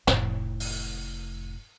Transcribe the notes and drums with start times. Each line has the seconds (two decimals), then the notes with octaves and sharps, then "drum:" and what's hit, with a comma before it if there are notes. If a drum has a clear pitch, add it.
0.07 F1 A2, drum: snare
0.60 drum: open hi-hat